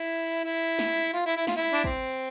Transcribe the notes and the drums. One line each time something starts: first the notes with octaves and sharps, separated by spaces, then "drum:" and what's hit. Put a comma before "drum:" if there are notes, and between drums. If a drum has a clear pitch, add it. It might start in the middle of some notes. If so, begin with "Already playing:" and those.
Already playing: E4
E4, drum: tambourine
drum: snare
F4, drum: tambourine
E4
E4
F4, drum: snare
E4
D4
C4, drum: kick, tambourine